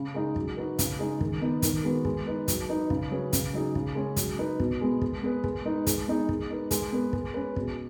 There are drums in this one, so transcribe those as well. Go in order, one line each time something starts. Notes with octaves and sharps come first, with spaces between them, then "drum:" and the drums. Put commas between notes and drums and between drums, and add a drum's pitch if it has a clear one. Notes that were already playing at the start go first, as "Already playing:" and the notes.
Already playing: C#3
G#3 D#4 G#4
F#3, drum: kick
D#4 F#4 B4
C#3, drum: kick, hi-hat
G#3 D#4 G#4
D#3, drum: kick
B3 D#4 B4
D#3, drum: kick, hi-hat
G#3 B3 F#4 B4
G#3, drum: kick
D#4 B4
F#3, drum: kick, hi-hat
D#4 B4
C#3, drum: kick
F#3 C#4 G#4 B4
C#3, drum: kick, hi-hat
F#3 D#4 G#4
C#3, drum: kick
G#3 C#4
F#3, drum: kick, hi-hat
D#4 B4
B2, drum: kick
G#3 B3
G#3, drum: kick
B3 G#4 B4
G#3, drum: kick
D#4 B4
G#3, drum: kick, hi-hat
B3 D#4 G#4
G#3, drum: kick
D#4 B4
G#3, drum: kick, hi-hat
B3 G#4 B4
G#3, drum: kick
C#4 B4
B2, drum: kick